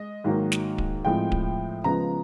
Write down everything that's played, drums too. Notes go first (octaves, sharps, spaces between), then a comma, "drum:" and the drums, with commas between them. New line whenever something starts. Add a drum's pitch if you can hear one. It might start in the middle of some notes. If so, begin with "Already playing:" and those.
Already playing: G#3 D#5
G#2 D#3 F#3 A#3
drum: snare
drum: kick D1
A2 F3 G#3 C4 G5
drum: kick D1
C#3 F3 G#3 B3 A#5